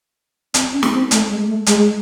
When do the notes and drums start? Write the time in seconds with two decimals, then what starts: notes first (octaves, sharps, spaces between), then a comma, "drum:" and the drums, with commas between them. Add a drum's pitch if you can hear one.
0.54 C4, drum: hi-hat
0.73 C#4
0.83 drum: snare
0.93 C4
1.11 A3, drum: hi-hat
1.30 G#3
1.48 A3
1.66 G#3, drum: hi-hat